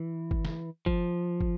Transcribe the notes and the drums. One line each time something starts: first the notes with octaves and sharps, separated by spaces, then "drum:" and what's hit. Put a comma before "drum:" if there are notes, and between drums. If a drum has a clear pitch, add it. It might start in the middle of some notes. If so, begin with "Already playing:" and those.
Already playing: E3
drum: kick
drum: snare
F3, drum: kick
drum: kick